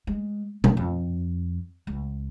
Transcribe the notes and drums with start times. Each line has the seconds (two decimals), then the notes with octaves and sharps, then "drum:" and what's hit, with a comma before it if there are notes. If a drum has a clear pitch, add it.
0.07 G#3
0.64 D4, drum: tom B2
0.77 F2
1.87 C#2